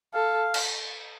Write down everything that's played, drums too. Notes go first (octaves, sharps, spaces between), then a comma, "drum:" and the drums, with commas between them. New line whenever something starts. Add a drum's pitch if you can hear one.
A4 F5
drum: cymbal